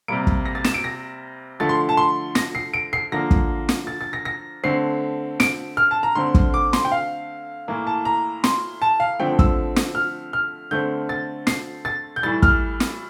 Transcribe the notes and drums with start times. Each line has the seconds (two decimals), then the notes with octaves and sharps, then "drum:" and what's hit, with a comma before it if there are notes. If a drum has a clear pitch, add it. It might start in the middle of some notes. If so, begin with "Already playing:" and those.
0.08 C3 G3 A#3 D7
0.27 drum: kick
0.46 A#6
0.55 A6
0.64 E7, drum: snare
0.74 D7
0.84 A#6
1.60 D3 F3 A3 A6
1.69 C6
1.89 A5
1.97 C6
2.35 A#6, drum: snare
2.55 C7
2.74 D7
2.93 C7
3.12 D3 F3 A#3 A#6
3.31 drum: kick
3.69 drum: snare
3.87 A6
4.01 A6
4.13 A#6
4.25 A#6
4.64 D3 A3 C4 C7
5.40 D7, drum: snare
5.77 F6
5.91 A5
6.03 A#5
6.15 D3 A3 C4 C6
6.35 drum: kick
6.54 D6
6.73 C6, drum: snare
6.85 G5
6.92 F5
7.68 A2 E3 A#3
7.87 A5
8.05 A#5
8.44 C6, drum: snare
8.82 A5
9.00 F5
9.19 D3 F3 A3 C4 G5
9.39 E6, drum: kick
9.76 drum: snare
9.95 F6
10.33 F6
10.71 D3 A3 C4 G6
11.09 A6
11.47 C7, drum: snare
11.85 A6
12.16 G6
12.23 A2 E3 G3 A6
12.43 F6, drum: kick
12.80 drum: snare